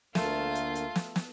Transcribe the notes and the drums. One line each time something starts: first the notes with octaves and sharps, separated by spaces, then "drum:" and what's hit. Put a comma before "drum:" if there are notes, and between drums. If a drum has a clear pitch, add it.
D2 A3 A#3 F4, drum: snare
drum: hi-hat
drum: hi-hat
drum: snare
drum: snare